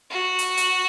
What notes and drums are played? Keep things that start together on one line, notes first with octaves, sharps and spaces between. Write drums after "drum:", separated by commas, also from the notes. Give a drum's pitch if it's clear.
F#4
drum: hi-hat
drum: hi-hat